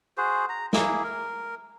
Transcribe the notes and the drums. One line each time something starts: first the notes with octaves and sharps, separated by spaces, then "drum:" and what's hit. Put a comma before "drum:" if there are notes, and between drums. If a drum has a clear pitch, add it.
F#4 G#4 C5
A#5
A#3 E4 G#4, drum: snare
A#4